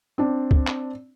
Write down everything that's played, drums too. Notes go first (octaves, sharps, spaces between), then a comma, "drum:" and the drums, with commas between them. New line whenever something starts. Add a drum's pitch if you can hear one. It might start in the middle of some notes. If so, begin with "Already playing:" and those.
C4 D4
drum: kick C#2
drum: clap